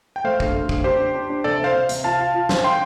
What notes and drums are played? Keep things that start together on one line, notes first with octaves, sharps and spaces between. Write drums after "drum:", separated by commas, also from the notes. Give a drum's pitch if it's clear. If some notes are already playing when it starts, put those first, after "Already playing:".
G5
A3 C5 F5
D3, drum: kick
A3
D3, drum: kick
D4 G4 C5
D4
D4
D4
C3 A4 D5
C3 C5 F5
C3
C3, drum: hi-hat
F4 F5 A5
F4
F4
C5, drum: snare
F5 G5 C6